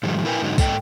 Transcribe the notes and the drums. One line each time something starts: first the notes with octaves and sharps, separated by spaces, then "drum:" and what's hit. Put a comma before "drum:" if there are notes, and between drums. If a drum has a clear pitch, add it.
G#2 D#3 F3 G3 A3
A#2 E4 A#4 B4 G5 G#5
G#2 D3 F#3 D#4
G#2 A4 D#5 G5, drum: kick, tambourine